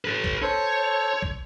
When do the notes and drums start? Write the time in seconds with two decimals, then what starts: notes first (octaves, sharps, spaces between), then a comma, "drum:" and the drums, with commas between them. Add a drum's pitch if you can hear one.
0.05 A4 B4
0.24 drum: kick
0.42 A4 C5 C#5
1.22 drum: kick